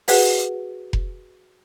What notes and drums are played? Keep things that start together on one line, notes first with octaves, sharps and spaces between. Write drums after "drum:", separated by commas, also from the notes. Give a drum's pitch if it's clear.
F#4 G#4 B4 F#5, drum: open hi-hat
drum: kick F1